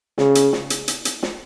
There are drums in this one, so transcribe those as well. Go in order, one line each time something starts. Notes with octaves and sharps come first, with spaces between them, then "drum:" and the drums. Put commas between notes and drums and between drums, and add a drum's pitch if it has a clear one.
C#3, drum: snare
drum: hi-hat
drum: snare
drum: hi-hat
drum: hi-hat
drum: hi-hat
drum: snare